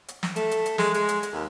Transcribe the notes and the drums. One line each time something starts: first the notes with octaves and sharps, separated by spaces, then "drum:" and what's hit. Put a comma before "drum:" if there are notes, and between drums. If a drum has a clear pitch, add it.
drum: hi-hat
drum: snare
A3, drum: hi-hat
drum: hi-hat
drum: hi-hat
G#3, drum: snare
G#3, drum: hi-hat
drum: hi-hat
drum: hi-hat
D#2